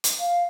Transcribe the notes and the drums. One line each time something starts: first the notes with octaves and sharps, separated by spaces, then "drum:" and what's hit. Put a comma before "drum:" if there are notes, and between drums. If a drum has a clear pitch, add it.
drum: hi-hat
F5